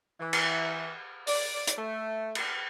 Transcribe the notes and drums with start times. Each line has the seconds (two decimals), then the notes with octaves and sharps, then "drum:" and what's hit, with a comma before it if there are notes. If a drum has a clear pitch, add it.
0.20 E3
0.33 drum: cymbal
1.27 D5, drum: open hi-hat
1.67 drum: hi-hat
1.78 A3
2.35 drum: cymbal